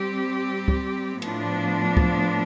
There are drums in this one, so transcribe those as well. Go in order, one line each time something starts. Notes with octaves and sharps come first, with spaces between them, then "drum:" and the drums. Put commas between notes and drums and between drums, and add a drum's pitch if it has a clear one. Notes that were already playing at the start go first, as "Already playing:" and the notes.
Already playing: G3 C4 G4
drum: kick
A2 F3 B3 D4, drum: cymbal
drum: kick